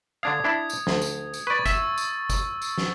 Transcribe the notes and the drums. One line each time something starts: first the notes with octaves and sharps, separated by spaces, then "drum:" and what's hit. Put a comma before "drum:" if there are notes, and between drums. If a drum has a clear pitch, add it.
D3 D4 F5 D#6 G#6
D4 E4
drum: tambourine
D2, drum: snare
drum: tambourine
drum: tambourine
B4 D5 C#6 A6
E5 E6, drum: kick, tambourine
drum: tambourine
drum: kick, tambourine
drum: tambourine
drum: snare